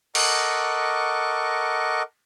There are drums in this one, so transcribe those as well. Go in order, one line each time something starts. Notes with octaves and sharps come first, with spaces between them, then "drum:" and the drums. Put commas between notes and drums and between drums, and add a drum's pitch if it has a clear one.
A4 A#4 D#5 F#5 C#6 D6, drum: cymbal